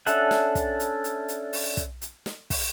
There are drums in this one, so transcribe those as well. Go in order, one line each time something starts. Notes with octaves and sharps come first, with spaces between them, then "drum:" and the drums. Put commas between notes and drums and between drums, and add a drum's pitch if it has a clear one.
C#4 D4 A4 E5 F#5, drum: hi-hat
drum: snare
drum: kick, hi-hat
drum: hi-hat
drum: hi-hat
drum: hi-hat
drum: open hi-hat
drum: kick, hi-hat
drum: hi-hat
drum: snare
drum: kick, open hi-hat